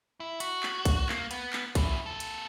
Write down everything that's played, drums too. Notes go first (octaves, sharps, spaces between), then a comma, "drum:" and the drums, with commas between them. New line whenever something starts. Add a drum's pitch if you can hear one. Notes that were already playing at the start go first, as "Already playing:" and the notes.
E4
F#4, drum: hi-hat
drum: clap
drum: kick B1, hi-hat
A#3, drum: clap
B3, drum: hi-hat
drum: clap
F#2 E4, drum: kick B1, hi-hat
A#3 A4
drum: hi-hat